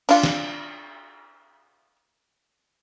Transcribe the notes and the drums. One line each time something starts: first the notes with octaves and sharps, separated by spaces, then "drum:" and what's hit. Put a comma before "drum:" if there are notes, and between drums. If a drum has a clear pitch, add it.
D4 F4, drum: cymbal
drum: snare